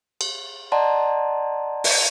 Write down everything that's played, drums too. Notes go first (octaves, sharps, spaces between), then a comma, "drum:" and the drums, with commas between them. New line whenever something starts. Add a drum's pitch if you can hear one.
drum: cymbal
D5 D#5 F#5 A5 A#5 C6
drum: open hi-hat